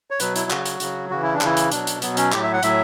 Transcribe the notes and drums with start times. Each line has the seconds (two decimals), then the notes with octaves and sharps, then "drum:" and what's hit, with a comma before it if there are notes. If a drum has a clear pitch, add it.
0.11 C#5
0.20 B2 F#3 B4, drum: hi-hat
0.36 E4, drum: hi-hat
0.50 C#3 F#3 F#4, drum: clap
0.65 drum: hi-hat
0.80 C#3 F#3, drum: hi-hat
1.11 C#3 E3 F#4
1.23 E4
1.34 D4
1.41 C#3 E3 E4, drum: clap
1.57 drum: hi-hat
1.71 B2 F#3 D4, drum: hi-hat
1.87 drum: hi-hat
2.02 B2 F#3 B3, drum: hi-hat
2.17 C#4, drum: hi-hat
2.32 A2 F#3 G4, drum: clap
2.43 E5
2.53 F#5
2.63 A2 F#3 E5, drum: hi-hat